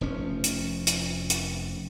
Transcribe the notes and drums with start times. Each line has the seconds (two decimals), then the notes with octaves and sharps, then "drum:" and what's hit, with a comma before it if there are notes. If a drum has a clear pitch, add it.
0.01 F1 F3 C#4
0.44 drum: hi-hat
0.87 drum: hi-hat
1.30 drum: hi-hat